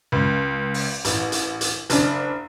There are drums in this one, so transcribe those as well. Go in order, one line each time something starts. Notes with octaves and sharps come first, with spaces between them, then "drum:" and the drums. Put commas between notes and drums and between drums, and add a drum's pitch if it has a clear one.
C#2
drum: open hi-hat
A1, drum: hi-hat
drum: hi-hat
drum: hi-hat
F#1 D4, drum: hi-hat